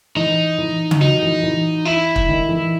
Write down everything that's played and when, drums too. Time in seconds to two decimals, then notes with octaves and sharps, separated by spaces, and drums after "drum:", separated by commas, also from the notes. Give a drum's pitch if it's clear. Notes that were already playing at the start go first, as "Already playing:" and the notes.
0.16 E3 D#4
0.58 E3
0.91 drum: tom C#3
1.01 F#3 D#4
1.22 E3
1.43 E3
1.85 E4
2.16 drum: kick
2.28 D#3
2.49 E3